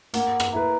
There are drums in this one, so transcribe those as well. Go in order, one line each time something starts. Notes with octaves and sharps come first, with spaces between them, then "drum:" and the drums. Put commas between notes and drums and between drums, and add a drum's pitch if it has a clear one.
A#3 F#5, drum: hi-hat
drum: rim click
E4 B4 A#5